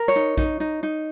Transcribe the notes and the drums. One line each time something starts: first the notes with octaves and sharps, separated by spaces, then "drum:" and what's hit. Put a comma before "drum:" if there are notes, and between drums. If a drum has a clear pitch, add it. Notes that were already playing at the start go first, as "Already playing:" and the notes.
Already playing: A#4
C#5
D#4
D#4, drum: kick A#1
D#4
D#4